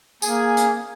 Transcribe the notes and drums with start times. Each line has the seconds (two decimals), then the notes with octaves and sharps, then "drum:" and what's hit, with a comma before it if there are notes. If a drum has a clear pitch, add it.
0.22 A#3 G#4 G#5, drum: tambourine
0.57 drum: hi-hat